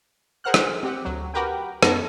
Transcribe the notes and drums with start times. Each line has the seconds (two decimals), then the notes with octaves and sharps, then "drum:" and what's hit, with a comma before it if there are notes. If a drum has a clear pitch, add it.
0.44 G#4 A#4 C5 F#5 F6 F#6
0.54 drum: rim click
0.83 C4 G4 F#5
1.05 D2 F#3
1.34 F#4 G4 A#4 B4 G5
1.83 F#2 B3 D#4 A5 C#6 A#6, drum: rim click